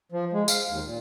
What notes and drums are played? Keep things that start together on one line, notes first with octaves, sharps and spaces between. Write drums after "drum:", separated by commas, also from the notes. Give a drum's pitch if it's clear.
F3
G#3
F5, drum: tambourine
D#2
A#2